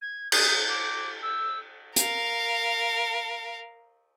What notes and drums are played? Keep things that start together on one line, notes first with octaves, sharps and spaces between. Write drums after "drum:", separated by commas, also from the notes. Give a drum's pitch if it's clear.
G#6
D#6, drum: cymbal
D6
E6
A#4 F5, drum: hi-hat